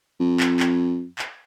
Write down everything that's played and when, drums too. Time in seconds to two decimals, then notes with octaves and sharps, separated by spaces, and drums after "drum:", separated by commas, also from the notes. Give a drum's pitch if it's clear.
0.20 F2
0.40 drum: clap
0.60 drum: clap
1.19 drum: clap